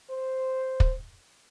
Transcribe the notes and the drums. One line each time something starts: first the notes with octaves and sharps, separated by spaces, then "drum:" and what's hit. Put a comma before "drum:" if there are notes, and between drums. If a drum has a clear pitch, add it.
C5
drum: kick